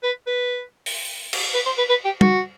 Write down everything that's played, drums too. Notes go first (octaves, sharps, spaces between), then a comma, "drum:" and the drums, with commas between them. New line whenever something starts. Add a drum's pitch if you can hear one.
B4
B4
drum: open hi-hat
drum: cymbal
B4
C5
B4
B4
G4
F#4, drum: tom